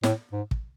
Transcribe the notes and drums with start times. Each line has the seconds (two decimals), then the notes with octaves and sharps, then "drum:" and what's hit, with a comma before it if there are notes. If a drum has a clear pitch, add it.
0.03 A2, drum: snare
0.33 G#2
0.51 drum: kick